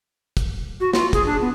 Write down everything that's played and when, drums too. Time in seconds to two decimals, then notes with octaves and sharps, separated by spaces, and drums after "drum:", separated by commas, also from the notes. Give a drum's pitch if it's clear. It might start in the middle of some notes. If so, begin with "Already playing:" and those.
0.37 drum: kick, hi-hat
0.80 F#4
0.93 F4, drum: snare
1.13 G#4, drum: kick, hi-hat
1.26 D4
1.41 B3